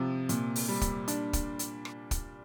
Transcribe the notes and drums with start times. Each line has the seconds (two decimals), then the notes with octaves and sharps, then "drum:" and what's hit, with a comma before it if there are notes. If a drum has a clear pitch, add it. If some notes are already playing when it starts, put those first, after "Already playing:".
Already playing: C3 F3
0.29 A#2, drum: hi-hat
0.56 drum: open hi-hat
0.69 G3
0.81 drum: kick, hi-hat
1.08 D4, drum: hi-hat
1.33 drum: kick, hi-hat
1.59 drum: hi-hat
1.85 drum: rim click
2.11 drum: kick, hi-hat